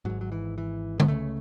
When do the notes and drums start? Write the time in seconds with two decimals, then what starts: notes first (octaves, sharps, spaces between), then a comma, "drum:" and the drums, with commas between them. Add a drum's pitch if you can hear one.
0.05 G#1 G#2 F#3
0.21 F#3
0.32 E3
0.58 E3
1.00 B3, drum: tom D3
1.08 C#2 C#3 A3